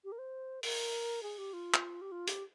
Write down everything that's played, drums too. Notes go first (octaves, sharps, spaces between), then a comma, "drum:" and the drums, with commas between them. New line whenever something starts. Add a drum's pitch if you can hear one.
G4
A#4
C5
A#4, drum: open hi-hat
G#4
G4
F4
drum: clap
G4
F4
G4, drum: hi-hat